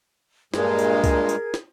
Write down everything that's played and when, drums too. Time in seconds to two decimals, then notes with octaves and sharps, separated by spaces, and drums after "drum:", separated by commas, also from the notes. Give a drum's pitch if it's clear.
0.54 G2 A#2 G#3 G#4 A#4 G#6, drum: snare
0.79 drum: tambourine
1.04 drum: kick C#2, tambourine
1.29 drum: tambourine
1.54 drum: snare